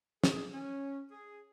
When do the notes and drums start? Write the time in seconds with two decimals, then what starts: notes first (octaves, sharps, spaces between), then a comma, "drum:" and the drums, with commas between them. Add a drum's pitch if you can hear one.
0.24 G#4, drum: snare
0.53 C#4
1.11 G#4